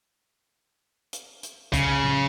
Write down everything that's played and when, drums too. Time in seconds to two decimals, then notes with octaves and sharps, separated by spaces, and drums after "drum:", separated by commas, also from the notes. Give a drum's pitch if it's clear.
1.13 drum: hi-hat
1.43 drum: hi-hat
1.73 C#3, drum: kick, hi-hat
2.03 drum: tom A2